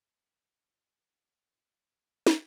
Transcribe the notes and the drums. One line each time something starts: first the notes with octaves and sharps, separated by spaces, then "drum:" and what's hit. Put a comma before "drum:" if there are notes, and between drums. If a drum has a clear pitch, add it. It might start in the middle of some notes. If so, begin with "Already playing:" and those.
Already playing: A2 D4
G3
G4
D4
A2
G3
drum: snare